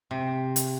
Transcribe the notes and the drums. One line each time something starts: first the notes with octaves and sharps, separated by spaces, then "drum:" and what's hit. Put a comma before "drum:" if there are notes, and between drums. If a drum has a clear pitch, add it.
C3
drum: hi-hat